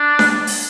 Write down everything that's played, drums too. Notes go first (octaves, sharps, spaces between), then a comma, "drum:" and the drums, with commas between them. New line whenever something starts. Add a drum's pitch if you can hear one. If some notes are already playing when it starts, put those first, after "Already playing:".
Already playing: D4
drum: snare D4
drum: open hi-hat